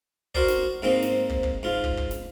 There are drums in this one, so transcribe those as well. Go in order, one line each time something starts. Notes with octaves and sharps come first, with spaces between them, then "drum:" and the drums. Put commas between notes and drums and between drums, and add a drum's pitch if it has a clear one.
F#4 A#4 C5 D5, drum: kick
drum: snare
G#2 A#3 C4 D#4
drum: snare
drum: kick
drum: kick
G#2 F4
drum: kick
drum: kick
drum: snare